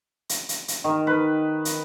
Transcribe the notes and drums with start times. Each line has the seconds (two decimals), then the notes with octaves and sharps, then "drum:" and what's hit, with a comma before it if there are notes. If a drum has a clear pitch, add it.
0.29 drum: hi-hat
0.49 drum: hi-hat
0.68 drum: hi-hat
0.84 D#3
1.07 B4
1.65 drum: hi-hat